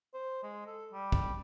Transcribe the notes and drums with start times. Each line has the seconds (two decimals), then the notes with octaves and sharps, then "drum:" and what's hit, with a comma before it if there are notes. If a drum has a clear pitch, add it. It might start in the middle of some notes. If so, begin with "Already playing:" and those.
0.14 C5
0.43 G#3
0.67 A4
0.93 G3
1.12 drum: kick